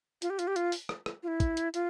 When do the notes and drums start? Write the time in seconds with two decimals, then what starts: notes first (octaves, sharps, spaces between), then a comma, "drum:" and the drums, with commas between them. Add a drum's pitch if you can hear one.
0.22 F4, drum: hi-hat
0.30 G4
0.39 F4, drum: hi-hat
0.47 G4
0.56 F4, drum: hi-hat
0.72 drum: open hi-hat
0.89 drum: rim click
1.06 drum: rim click
1.23 F4
1.28 E4
1.40 drum: kick, hi-hat
1.57 drum: hi-hat
1.74 F4, drum: hi-hat